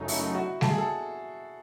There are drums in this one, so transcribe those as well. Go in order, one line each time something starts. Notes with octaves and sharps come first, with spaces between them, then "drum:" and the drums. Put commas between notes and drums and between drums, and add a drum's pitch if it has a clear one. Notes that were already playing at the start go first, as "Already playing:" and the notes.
Already playing: F#2 C#3 F#3 A3 D#4
E4, drum: open hi-hat
F#4
A4, drum: snare G3
G#4
A4